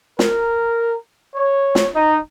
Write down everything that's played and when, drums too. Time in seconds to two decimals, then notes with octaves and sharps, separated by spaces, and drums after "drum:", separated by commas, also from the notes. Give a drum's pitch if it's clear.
0.19 A#4, drum: snare
1.35 C#5
1.75 drum: snare
1.94 D#4